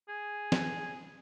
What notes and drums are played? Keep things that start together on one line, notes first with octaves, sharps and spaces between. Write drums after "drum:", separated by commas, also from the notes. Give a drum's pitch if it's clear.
G#4
drum: snare